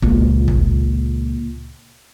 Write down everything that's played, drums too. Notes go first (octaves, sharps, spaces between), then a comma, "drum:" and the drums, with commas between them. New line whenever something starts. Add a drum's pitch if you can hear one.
C#2 A#2, drum: kick
drum: kick